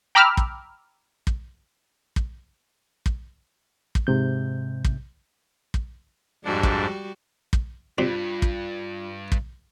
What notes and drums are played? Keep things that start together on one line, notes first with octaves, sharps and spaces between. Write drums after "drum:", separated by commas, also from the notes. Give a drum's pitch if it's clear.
G5 A#5 B5 D6 E6 F6
drum: kick
drum: kick
drum: kick
drum: kick
drum: kick
G#2 C3 G6
drum: kick
drum: kick
F2 G#2 G3 D4 F#4
drum: kick
drum: kick
G2 G3 C4 F4
drum: kick
drum: kick